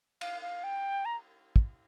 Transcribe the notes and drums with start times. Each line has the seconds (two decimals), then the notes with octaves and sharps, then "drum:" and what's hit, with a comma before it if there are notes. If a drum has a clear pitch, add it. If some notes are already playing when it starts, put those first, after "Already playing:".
0.21 F5, drum: cymbal
0.42 F5
0.64 G5
1.05 A#5
1.56 drum: kick